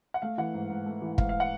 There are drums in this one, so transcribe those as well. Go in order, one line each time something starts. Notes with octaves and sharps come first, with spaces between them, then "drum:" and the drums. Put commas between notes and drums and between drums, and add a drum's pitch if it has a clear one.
F#5
A3 F5
E3 F#5
G#2
G#2
A3
E3
G#2 F5, drum: kick
F5
F#5